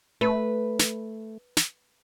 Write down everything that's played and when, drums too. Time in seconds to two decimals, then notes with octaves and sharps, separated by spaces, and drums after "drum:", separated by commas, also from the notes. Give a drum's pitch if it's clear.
0.21 A3 B4
0.79 drum: snare
1.57 drum: snare